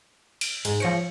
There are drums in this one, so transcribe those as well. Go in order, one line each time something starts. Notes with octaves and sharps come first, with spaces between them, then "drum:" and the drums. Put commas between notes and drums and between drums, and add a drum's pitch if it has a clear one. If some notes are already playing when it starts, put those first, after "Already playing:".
D7, drum: cymbal
G#2 G#3, drum: cymbal
F3 C5 C#5 A#6 C#7